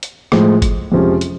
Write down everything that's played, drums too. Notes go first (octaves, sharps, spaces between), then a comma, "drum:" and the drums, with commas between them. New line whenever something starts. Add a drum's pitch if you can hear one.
drum: hi-hat
A2 F3 G#3, drum: rim click
drum: kick, hi-hat
F2 C3 F3 G#3 C#4
drum: hi-hat